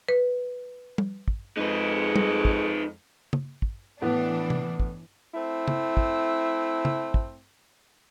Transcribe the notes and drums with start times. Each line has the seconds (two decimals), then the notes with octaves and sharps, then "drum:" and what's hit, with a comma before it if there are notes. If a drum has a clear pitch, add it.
0.09 B4
0.98 drum: tom G3
1.28 drum: kick
1.57 F2 G#3 D#4 B4
2.16 drum: tom G3
2.45 drum: kick
3.33 drum: tom C#3
3.62 drum: kick
4.02 A2 E3 B3 D4
4.50 drum: tom C3
4.80 drum: kick
5.34 A3 C4 E4
5.68 drum: tom C#3
5.97 drum: kick
6.85 drum: tom C#3
7.14 drum: kick